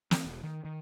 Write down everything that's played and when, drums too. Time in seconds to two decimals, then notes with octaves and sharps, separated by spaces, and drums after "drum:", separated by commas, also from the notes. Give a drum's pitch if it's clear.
0.11 E3 C4, drum: snare
0.25 E1
0.43 D#3
0.65 D#3